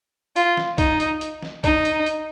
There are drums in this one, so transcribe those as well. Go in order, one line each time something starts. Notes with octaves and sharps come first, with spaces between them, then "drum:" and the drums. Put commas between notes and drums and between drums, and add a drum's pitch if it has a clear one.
F4, drum: hi-hat
drum: snare
D#4, drum: kick B1, hi-hat
drum: hi-hat
drum: hi-hat
drum: snare
D#4, drum: kick B1, hi-hat
drum: hi-hat
drum: hi-hat